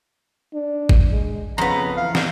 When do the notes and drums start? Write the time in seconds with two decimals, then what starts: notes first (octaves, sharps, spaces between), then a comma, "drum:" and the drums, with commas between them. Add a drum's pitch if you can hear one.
0.53 D4
0.89 drum: kick
1.12 G#3
1.58 F2 C#3 B3 A#5
1.97 E3 F5
2.15 drum: snare